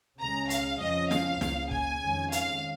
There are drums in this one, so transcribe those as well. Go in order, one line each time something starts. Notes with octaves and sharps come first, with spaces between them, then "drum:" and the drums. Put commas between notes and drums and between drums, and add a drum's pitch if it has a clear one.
C#2 C#3 G#3 C#4 A#5
F5, drum: hi-hat
F2 C#3 F3 C#4 D#5
F5, drum: snare
C#2 C#3 A#3, drum: snare
G#5, drum: kick
F2 D#3 G#3 C#4
F5, drum: hi-hat